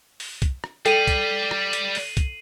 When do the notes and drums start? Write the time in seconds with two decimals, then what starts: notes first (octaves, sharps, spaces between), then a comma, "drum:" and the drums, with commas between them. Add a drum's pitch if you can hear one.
0.20 drum: open hi-hat
0.42 drum: kick, hi-hat
0.64 drum: rim click
0.86 G3 A4 G5 C7 D#7 F#7, drum: hi-hat
1.07 drum: kick, hi-hat
1.51 drum: rim click
1.73 drum: hi-hat
1.95 drum: open hi-hat
2.17 drum: kick, hi-hat